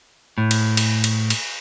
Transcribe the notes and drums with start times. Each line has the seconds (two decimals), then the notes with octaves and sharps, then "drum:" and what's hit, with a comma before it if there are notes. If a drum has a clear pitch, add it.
0.38 A2
0.51 drum: cymbal
0.77 drum: cymbal
1.04 drum: cymbal
1.30 drum: cymbal